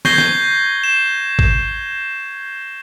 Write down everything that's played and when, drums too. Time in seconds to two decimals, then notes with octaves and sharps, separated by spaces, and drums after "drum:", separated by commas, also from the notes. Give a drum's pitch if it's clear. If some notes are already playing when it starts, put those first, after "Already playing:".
0.05 C#6 G6 G#6 A#6 C7 G7, drum: snare
0.18 drum: snare
0.84 E7
1.39 drum: kick